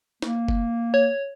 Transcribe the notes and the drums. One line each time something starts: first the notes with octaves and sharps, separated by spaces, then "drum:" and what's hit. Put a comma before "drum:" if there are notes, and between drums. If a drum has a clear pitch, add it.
A#3, drum: snare
drum: kick
C#5